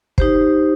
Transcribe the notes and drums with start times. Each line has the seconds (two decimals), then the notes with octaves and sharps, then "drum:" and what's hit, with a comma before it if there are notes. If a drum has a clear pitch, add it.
0.18 D#4 G4 C5, drum: kick